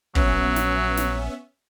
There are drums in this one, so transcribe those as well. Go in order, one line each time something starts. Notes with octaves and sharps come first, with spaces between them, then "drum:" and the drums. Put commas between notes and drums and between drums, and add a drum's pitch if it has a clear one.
A#1 F#3 B3 C#4 E5, drum: kick
drum: snare
drum: snare